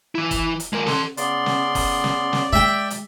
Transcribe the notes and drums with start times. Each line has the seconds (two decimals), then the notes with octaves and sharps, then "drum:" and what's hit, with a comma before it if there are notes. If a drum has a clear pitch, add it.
0.15 E3 E4
0.31 drum: kick F#1, hi-hat
0.60 drum: hi-hat
0.73 G#3 A#4
0.87 A4 C6, drum: snare
1.17 C#3 B3 D5 C6, drum: hi-hat
1.46 drum: snare
1.75 drum: kick F#1, open hi-hat
2.04 drum: snare
2.33 drum: snare
2.53 G#3 E5 G5
2.90 drum: hi-hat